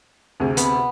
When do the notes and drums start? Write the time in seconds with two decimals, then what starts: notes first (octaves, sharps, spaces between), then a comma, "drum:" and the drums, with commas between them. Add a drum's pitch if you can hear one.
0.40 D2 C3 G#4
0.57 B3, drum: hi-hat